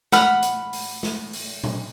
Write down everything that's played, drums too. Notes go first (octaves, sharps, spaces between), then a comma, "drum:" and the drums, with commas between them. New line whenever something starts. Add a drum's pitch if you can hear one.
F#5 B5 F6, drum: snare
drum: hi-hat
drum: open hi-hat
drum: snare
drum: open hi-hat
drum: tom A#2